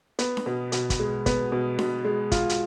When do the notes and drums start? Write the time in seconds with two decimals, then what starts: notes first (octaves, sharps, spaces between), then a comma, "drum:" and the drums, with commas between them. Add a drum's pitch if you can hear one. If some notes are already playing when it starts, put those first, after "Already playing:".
0.19 B3, drum: hi-hat
0.37 drum: snare D4
0.46 B2
0.72 B2, drum: hi-hat
0.90 drum: kick, hi-hat
0.99 G#3
1.26 B3, drum: kick, hi-hat
1.52 B2
1.79 B2, drum: snare D4
2.05 G#3
2.32 F4, drum: kick, hi-hat
2.49 drum: hi-hat